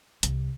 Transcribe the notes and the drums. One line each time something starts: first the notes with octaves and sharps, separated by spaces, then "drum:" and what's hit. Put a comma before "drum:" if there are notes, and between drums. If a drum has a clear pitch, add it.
C2, drum: hi-hat